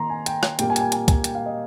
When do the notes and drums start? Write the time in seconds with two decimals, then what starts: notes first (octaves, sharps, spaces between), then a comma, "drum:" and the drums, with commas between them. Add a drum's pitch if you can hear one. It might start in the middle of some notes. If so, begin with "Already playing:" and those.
Already playing: D#3 A#3 A#5 C6
0.10 G#5
0.26 G5, drum: hi-hat
0.43 drum: rim click
0.59 A#2 G3 A#3 G5, drum: hi-hat
0.70 G#5
0.76 G5, drum: hi-hat
0.81 G#5
0.92 G#5, drum: hi-hat
1.08 G#5, drum: kick, hi-hat
1.24 G5, drum: hi-hat
1.35 F5
1.46 D#5